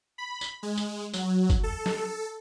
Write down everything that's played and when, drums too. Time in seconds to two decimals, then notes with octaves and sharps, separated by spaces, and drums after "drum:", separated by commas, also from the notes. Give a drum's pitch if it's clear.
0.18 B5
0.41 drum: tambourine
0.63 G#3
0.77 drum: tambourine
1.14 F#3, drum: tambourine
1.50 drum: kick, tambourine
1.63 A4
1.86 drum: snare